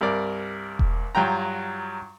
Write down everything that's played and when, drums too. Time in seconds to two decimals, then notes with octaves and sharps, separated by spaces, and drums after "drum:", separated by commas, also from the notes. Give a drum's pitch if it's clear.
0.01 C2 G2 A#4 D5
0.79 drum: kick E1
1.15 G2 F#3 F4 G5 A#5